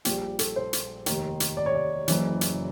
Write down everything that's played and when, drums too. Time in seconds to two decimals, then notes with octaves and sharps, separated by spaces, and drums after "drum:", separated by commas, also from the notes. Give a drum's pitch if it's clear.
0.05 A#1 A#2 G3 G4, drum: hi-hat
0.39 A4, drum: hi-hat
0.56 C5
0.73 drum: hi-hat
1.06 F1 D#2 D#3, drum: hi-hat
1.40 drum: hi-hat
1.57 D5
1.66 C#5
1.75 D5
2.08 F#1 F#2 C#3 E3, drum: hi-hat
2.41 drum: hi-hat